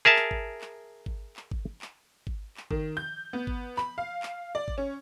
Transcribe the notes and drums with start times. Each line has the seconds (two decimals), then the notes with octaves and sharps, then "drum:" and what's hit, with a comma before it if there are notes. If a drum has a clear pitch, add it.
0.05 G#4 A#4 E5 A5
0.16 drum: clap
0.31 drum: kick G#1
0.61 drum: clap
1.06 drum: kick G#1
1.36 drum: clap
1.51 drum: kick G#1
1.82 drum: clap
2.27 drum: kick G#1
2.57 drum: clap
2.71 D#3, drum: kick G#1
2.97 G6
3.33 B3
3.47 drum: kick G#1
3.77 B5, drum: clap
3.98 F5
4.23 drum: clap
4.55 D5
4.68 drum: kick G#1
4.78 C#4